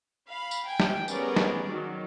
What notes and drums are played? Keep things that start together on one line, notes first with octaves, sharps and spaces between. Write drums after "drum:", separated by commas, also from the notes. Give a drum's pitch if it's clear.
F5 B5
drum: tambourine
G5 G#5
drum: snare
G3 B3 C#4 G#4 A#4 D5, drum: tambourine
drum: snare
D#3 F#3